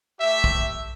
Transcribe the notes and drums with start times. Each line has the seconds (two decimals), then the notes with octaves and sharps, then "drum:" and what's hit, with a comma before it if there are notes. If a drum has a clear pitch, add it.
0.20 A3 G4 E5
0.44 drum: kick